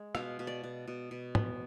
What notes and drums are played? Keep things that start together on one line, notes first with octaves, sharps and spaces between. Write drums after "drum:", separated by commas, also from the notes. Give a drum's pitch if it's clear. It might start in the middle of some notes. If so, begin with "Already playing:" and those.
Already playing: G#3
B2 F5, drum: rim click
B2
D5
B2
B2
B2
B3, drum: tom